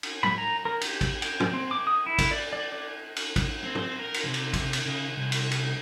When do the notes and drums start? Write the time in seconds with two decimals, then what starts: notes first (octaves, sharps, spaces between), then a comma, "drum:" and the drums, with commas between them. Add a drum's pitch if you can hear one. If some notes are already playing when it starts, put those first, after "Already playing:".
0.03 drum: cymbal
0.23 B5, drum: tom
0.38 A#5
0.65 A#4
0.81 G4, drum: cymbal
1.01 drum: kick, cymbal
1.22 G5, drum: cymbal
1.40 drum: tom
1.53 C4
1.71 D6
1.87 D#6
2.06 E4
2.18 drum: kick, cymbal
2.31 D5
2.53 D5
2.72 D5
3.16 drum: cymbal
3.36 drum: kick, cymbal
3.64 C4
3.75 drum: tom
3.99 A#4
4.14 drum: cymbal
4.24 C3
4.34 drum: cymbal
4.54 drum: kick, cymbal
4.73 drum: cymbal
4.86 C#3
5.17 C2
5.32 drum: cymbal
5.51 drum: cymbal